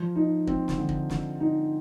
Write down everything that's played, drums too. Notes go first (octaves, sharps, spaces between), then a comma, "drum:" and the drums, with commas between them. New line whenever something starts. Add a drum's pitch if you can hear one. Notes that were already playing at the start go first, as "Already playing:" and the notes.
Already playing: F3
D#4
C4, drum: kick
drum: snare
D3
drum: kick
D3, drum: snare
D#4